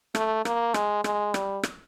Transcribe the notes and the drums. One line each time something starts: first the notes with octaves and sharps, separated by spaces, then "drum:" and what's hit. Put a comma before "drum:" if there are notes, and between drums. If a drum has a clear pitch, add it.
A3, drum: rim click
A#3, drum: rim click
G#3, drum: rim click
G#3, drum: rim click
G3, drum: rim click
drum: rim click